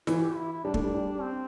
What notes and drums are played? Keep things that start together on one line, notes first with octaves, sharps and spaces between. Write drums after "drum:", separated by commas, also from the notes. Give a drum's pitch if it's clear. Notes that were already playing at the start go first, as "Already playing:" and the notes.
E3 E4, drum: snare
G4
E4
E4
G3 D4
A3, drum: kick
G3
G3
C4